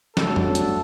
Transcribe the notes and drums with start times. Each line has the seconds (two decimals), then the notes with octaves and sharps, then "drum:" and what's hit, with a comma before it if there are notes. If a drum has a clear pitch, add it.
0.17 G2 F#3 A3 D4 A4, drum: snare
0.36 drum: tom F2
0.55 drum: hi-hat